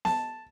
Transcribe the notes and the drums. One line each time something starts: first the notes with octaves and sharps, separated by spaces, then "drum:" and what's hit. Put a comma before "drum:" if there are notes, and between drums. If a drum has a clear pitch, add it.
A5, drum: snare B3